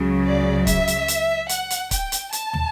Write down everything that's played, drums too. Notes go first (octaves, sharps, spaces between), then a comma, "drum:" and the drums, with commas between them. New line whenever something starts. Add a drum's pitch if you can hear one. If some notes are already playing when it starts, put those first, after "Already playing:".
Already playing: C#2 C#3 F#3
D5
E5, drum: kick C#1, hi-hat
drum: hi-hat
drum: hi-hat
F#5, drum: hi-hat
drum: hi-hat
G5, drum: kick C#1, hi-hat
drum: hi-hat
A5, drum: hi-hat
drum: tom